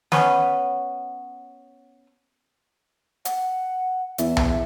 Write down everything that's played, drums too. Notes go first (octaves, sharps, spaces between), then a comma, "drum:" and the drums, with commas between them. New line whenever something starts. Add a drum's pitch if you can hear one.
B3 C#4, drum: snare
F#5, drum: hi-hat
E2 E5, drum: hi-hat
drum: tom B1